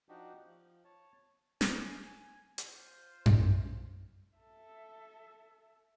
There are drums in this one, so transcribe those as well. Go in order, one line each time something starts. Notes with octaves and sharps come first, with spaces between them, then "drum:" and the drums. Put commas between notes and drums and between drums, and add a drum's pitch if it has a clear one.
F3 D4 D#4 F#4 G4
F3
C#5 A5
G#5, drum: snare
F4 C5, drum: hi-hat
drum: tom F#2
A4 E5